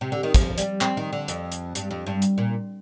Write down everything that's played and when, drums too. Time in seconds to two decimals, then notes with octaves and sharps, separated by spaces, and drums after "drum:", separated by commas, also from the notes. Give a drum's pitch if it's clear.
0.01 C3
0.12 D3
0.23 D#3
0.34 F3, drum: kick, hi-hat
0.58 G3, drum: hi-hat
0.81 C4, drum: clap
0.97 D#3
1.13 D3
1.28 F2, drum: hi-hat
1.52 drum: hi-hat
1.75 G2, drum: hi-hat
1.91 F2
2.06 G2
2.22 drum: hi-hat
2.38 A#2